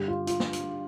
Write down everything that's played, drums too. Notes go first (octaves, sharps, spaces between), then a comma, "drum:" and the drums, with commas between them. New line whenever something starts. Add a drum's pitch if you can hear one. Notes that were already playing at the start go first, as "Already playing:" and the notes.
Already playing: G2 D3 G3 G4
F4
F4, drum: hi-hat
drum: snare
drum: hi-hat